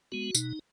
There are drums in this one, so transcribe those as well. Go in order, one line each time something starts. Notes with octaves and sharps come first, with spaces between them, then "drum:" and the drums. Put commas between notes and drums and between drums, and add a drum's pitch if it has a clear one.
G#3 B3 F#4
B2 D#4, drum: tambourine